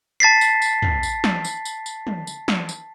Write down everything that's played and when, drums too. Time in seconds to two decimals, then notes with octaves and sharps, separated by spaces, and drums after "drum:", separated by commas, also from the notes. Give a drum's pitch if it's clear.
0.20 A5 A6 B6 C7
0.41 drum: tambourine
0.62 drum: tambourine
0.82 drum: tom
1.03 drum: tambourine
1.24 drum: snare
1.45 drum: tambourine
1.65 drum: tambourine
1.86 drum: tambourine
2.07 drum: tom
2.27 drum: tambourine
2.48 drum: snare
2.69 drum: tambourine